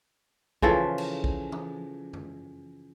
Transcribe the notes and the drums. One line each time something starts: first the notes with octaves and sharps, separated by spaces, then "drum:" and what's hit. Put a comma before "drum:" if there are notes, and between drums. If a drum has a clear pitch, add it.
C#3 E3 F3 A4, drum: kick
drum: cymbal
drum: kick
drum: tom
drum: tom